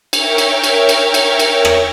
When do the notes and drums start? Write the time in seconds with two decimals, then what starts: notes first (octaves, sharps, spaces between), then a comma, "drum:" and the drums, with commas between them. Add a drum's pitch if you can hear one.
0.13 A#4 C#5 E5 G5 C#6, drum: cymbal
0.38 drum: cymbal
0.64 drum: cymbal
0.89 drum: cymbal
1.14 drum: cymbal
1.39 drum: cymbal
1.65 drum: rim click